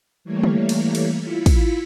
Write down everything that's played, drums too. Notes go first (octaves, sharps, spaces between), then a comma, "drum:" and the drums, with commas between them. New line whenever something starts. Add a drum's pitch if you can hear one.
E3 G3 A3 A#3 C#5
drum: tom
drum: cymbal
drum: cymbal
E4 F4 B6 C#7
drum: kick, cymbal